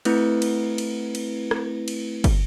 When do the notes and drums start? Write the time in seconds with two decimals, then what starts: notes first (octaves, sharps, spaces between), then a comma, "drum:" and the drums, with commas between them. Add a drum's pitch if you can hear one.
0.05 A3 C4 E4 B4, drum: cymbal
0.42 drum: cymbal
0.78 drum: cymbal
1.15 drum: cymbal
1.51 drum: rim click
1.88 drum: cymbal
2.24 drum: kick, cymbal